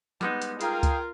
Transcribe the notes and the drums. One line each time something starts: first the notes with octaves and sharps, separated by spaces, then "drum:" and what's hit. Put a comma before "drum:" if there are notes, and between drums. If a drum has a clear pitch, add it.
G3 G#3 B3 D#4, drum: snare
drum: hi-hat
F4 G#4 A#4 F5 G5, drum: hi-hat
drum: kick C#2, hi-hat